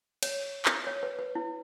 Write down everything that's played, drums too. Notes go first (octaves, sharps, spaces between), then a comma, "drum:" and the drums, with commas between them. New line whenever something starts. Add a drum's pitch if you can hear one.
C#5, drum: cymbal
drum: clap
C#5
B4
B4
E4